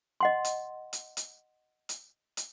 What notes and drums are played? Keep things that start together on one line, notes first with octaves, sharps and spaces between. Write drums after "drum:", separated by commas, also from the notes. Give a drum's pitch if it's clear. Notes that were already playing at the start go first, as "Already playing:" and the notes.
D#5 F#5 C6
drum: hi-hat
drum: hi-hat
drum: hi-hat
drum: hi-hat
drum: hi-hat